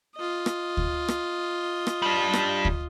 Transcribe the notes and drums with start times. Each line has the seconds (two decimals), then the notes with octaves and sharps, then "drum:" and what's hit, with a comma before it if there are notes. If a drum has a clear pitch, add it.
0.16 F4 D#5
0.46 drum: rim click
0.77 drum: kick D2
1.08 drum: rim click
1.87 drum: rim click
2.02 G3 D4
2.33 drum: rim click
2.65 drum: kick D2